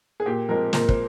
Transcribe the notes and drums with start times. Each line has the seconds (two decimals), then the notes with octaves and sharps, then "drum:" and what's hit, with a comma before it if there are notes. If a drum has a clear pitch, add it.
0.20 G#4
0.26 A#2 G4
0.49 F3 G#3 C4 A#4
0.73 A#2 A#4, drum: snare
0.89 C5, drum: kick